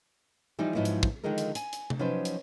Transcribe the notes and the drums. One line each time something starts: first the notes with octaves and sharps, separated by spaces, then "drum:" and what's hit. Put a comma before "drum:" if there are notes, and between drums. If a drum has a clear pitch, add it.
E3 F3 G3 D#4
G#2 F3 F#3 B3 D#4 E4
drum: hi-hat
drum: kick
D3 D#3 F3 G#3 D#4 A#4
drum: hi-hat
G#5, drum: hi-hat
drum: hi-hat
drum: tom C3
F3 F#3 C#4 D#4 B4 C5
drum: hi-hat